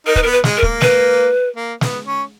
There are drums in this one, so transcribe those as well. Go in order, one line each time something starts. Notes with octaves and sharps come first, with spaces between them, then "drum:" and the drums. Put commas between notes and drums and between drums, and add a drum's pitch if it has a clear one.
D#4 A#4
B4, drum: kick
A#4
B3
B4
G#3, drum: snare
A#4
A#3, drum: kick
B4, drum: snare
A#3
B3, drum: snare
C#4